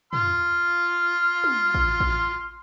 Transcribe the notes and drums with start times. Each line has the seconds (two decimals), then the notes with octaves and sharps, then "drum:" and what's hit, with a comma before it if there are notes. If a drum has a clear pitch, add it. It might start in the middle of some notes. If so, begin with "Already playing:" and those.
0.13 C6 F6, drum: tom
1.44 drum: tom
1.74 drum: kick A1
2.00 drum: kick A1